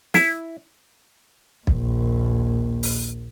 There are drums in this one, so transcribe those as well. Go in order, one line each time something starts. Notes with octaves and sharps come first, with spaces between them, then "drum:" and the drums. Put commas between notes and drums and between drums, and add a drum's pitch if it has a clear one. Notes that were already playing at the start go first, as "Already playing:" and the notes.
E4, drum: snare
A#1 D#2, drum: kick
drum: open hi-hat